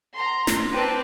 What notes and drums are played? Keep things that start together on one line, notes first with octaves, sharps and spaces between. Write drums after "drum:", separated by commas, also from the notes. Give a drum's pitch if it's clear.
A#5 C6
drum: snare
C4 B4 D5 G5 A5